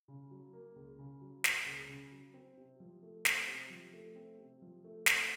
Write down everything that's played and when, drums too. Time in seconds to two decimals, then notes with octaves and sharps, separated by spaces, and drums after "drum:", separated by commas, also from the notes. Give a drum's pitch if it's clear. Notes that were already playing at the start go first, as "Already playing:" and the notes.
0.08 C#3
0.31 F#3
0.53 A#3
0.76 C#2
0.99 C#3
1.21 F#3
1.44 A#3, drum: snare
1.66 C#2
1.89 C#3
2.12 F#3
2.34 C4
2.57 C3
2.80 F3
3.03 A3
3.25 C4, drum: snare
3.48 C3
3.70 F3
3.93 A3
4.15 C4
4.38 C3
4.62 F3
4.84 A3
5.06 C4, drum: snare